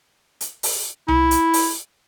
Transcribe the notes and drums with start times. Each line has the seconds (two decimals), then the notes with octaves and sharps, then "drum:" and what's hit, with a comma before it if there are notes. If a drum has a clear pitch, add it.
0.41 drum: hi-hat
0.63 drum: open hi-hat
1.08 E4, drum: tom C2
1.31 drum: hi-hat
1.53 drum: open hi-hat